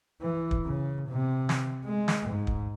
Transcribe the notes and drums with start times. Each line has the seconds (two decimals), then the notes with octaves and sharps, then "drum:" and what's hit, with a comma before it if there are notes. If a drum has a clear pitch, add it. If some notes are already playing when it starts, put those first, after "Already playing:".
0.21 E3
0.51 drum: kick
0.65 C#3
1.10 C3
1.49 drum: snare
1.85 G#3
2.08 drum: snare
2.29 G#2
2.47 drum: kick